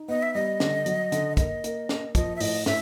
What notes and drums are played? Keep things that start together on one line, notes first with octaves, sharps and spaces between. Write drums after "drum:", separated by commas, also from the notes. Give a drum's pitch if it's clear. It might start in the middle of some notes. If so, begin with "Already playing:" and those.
Already playing: D#4
B3 D#5
E5
G3 D#5
D3, drum: snare
F#3, drum: hi-hat
D3, drum: hi-hat
A#3 D#5, drum: kick, hi-hat
A#3, drum: hi-hat
A#3, drum: snare
F3 D#5, drum: kick, hi-hat
E5
A2 D#5, drum: open hi-hat
A2 E5, drum: snare